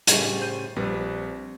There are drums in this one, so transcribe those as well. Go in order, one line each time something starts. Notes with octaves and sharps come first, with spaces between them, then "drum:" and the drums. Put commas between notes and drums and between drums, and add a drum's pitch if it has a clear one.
A2 C#3 G3, drum: hi-hat
C5 G6 D#7
A#1 G3 C4 B4